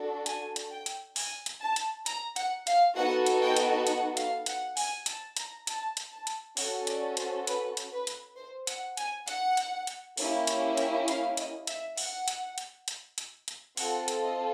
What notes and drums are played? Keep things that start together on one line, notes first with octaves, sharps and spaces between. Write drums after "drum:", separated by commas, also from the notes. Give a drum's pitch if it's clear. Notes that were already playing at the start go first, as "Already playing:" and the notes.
Already playing: D4 F#4 A4
G#5, drum: hi-hat
drum: hi-hat
G5
drum: hi-hat
G#5, drum: open hi-hat
drum: hi-hat
A5
drum: hi-hat
A#5, drum: hi-hat
F#5, drum: hi-hat
F5, drum: hi-hat
B3 D#4 F#4 A4 F#5
drum: hi-hat
G5
drum: hi-hat
F#5, drum: hi-hat
F5, drum: hi-hat
F#5, drum: hi-hat
G#5, drum: open hi-hat
A5, drum: hi-hat
A#5, drum: hi-hat
A5, drum: hi-hat
drum: hi-hat
A5
drum: hi-hat
C#4 F#4 A4 F#5, drum: open hi-hat
D5, drum: hi-hat
C5, drum: hi-hat
B4, drum: hi-hat
drum: hi-hat
B4
drum: hi-hat
C5
F#5, drum: hi-hat
G#5, drum: hi-hat
F#5, drum: hi-hat
drum: hi-hat
drum: hi-hat
A#3 C#4 E4 G4, drum: open hi-hat
drum: hi-hat
drum: hi-hat
F5, drum: hi-hat
D#5, drum: hi-hat
E5, drum: hi-hat
F#5, drum: open hi-hat
drum: hi-hat
drum: hi-hat
drum: hi-hat
drum: hi-hat
drum: hi-hat
C4 F4 A4 F#5, drum: open hi-hat
drum: hi-hat
D#5